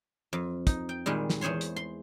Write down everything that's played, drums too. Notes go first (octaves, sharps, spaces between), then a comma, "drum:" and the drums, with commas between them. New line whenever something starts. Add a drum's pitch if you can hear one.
F2
D#4, drum: kick, hi-hat
G5
A#2 D#3 G3 G#3
drum: snare
E2 G#4 C5 C#5 C6
drum: hi-hat
C6